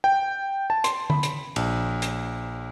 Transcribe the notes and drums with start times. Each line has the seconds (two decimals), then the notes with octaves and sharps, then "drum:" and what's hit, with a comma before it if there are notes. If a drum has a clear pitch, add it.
0.04 G5
0.70 A5
0.84 C6, drum: hi-hat
1.10 B5, drum: tom D3
1.23 drum: hi-hat
1.56 A#1, drum: cymbal
2.02 drum: hi-hat